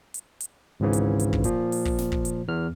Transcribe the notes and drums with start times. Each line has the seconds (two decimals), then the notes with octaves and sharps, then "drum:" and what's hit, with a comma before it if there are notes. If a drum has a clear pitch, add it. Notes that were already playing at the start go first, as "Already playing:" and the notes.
0.14 drum: hi-hat
0.40 drum: hi-hat
0.80 G#1 C#2 G#2 C#3 E3
0.93 drum: hi-hat
1.19 drum: hi-hat
1.33 drum: kick
1.44 A#2 F3, drum: hi-hat
1.72 drum: open hi-hat
1.85 drum: kick
1.99 drum: snare
2.12 drum: kick
2.25 drum: hi-hat
2.48 E2 F6